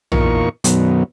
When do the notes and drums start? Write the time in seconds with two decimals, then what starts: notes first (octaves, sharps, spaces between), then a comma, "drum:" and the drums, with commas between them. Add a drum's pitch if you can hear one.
0.12 E2 A#2 D#4 F4 A#4 C#6, drum: tom A#1
0.64 F#2 B2 D#3 F#3 B3, drum: hi-hat